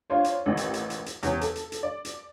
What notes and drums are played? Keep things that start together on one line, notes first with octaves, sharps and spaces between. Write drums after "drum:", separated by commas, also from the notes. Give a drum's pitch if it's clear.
D4 F4 C5 C#5
drum: hi-hat
A1 D#2 A2 D#3
drum: hi-hat
drum: hi-hat
drum: hi-hat
drum: hi-hat
E2 C3 C#4, drum: hi-hat
A4, drum: hi-hat
drum: hi-hat
drum: hi-hat
D5
drum: hi-hat